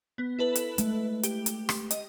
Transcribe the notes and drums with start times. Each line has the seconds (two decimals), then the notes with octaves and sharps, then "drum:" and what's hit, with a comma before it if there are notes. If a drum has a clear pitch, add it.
0.18 B3
0.39 E4 A4 B4
0.55 drum: hi-hat
0.78 G#3 A3, drum: hi-hat
1.23 G4, drum: hi-hat
1.46 drum: hi-hat
1.69 drum: rim click
1.91 D#5, drum: hi-hat